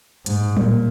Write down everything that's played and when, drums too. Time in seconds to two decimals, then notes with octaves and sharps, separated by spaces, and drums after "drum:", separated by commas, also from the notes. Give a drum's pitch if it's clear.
0.26 G#2, drum: hi-hat
0.57 A#2, drum: tom F#3